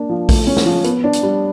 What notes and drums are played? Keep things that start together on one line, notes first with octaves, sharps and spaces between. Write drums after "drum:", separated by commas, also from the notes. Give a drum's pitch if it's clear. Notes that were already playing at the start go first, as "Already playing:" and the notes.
Already playing: A#3 D4
F3
A3, drum: kick A#1, open hi-hat
C#4
drum: snare
F3
B3, drum: hi-hat
D4
drum: hi-hat
G3